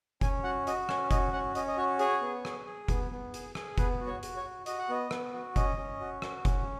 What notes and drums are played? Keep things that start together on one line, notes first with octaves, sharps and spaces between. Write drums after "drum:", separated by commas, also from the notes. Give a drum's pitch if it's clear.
C#4 G#5, drum: kick F1, hi-hat
F#4 F#5
F#4 D#5, drum: hi-hat
C#4 C#5, drum: rim click
F#4 D#5, drum: kick F1, hi-hat
C#4 F#5
C#4 D#5, drum: hi-hat
D#5
F#4 C#5
G#4 C#5, drum: hi-hat
B3
G#4, drum: rim click
G#4
B3, drum: kick F1, hi-hat
B3
G#4, drum: hi-hat
G#4, drum: rim click
B3 B4, drum: kick F1, hi-hat
F#4
C#5
F#4, drum: hi-hat
C#5
F#4
F#4 D#5, drum: hi-hat
F#5
B3 D#5
B3, drum: rim click
F#4
C#4 D#5, drum: kick F1, hi-hat
C#4
F#4
F#4, drum: rim click
C#4, drum: kick F1, hi-hat